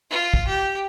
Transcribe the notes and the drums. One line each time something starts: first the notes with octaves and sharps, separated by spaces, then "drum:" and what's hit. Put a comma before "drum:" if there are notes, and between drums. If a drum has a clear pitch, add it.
F4
drum: kick
G4